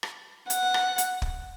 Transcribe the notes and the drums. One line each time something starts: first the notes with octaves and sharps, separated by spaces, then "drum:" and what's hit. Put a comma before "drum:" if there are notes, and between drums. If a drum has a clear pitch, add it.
drum: rim click
F#5, drum: hi-hat
drum: rim click
drum: hi-hat
drum: kick